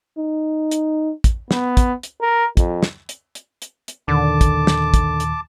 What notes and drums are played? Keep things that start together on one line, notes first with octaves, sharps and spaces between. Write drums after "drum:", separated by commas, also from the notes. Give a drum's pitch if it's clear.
D#4
drum: hi-hat
drum: kick, hi-hat
B3, drum: snare
drum: kick, hi-hat
drum: hi-hat
A#4
F2, drum: kick, hi-hat
drum: snare
drum: hi-hat
drum: hi-hat
drum: hi-hat
drum: hi-hat
D#2 A#2 D3 D#3 A5 D6
drum: kick, hi-hat
drum: snare
drum: kick, hi-hat
drum: hi-hat